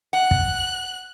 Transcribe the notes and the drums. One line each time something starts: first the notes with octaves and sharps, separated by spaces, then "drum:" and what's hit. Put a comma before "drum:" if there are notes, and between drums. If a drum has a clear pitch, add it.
F#5 F#6
drum: kick